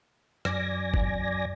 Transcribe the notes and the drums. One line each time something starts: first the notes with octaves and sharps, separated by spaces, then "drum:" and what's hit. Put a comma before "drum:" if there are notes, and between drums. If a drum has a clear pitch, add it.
F#2 D5 G#5 A#6, drum: rim click
drum: kick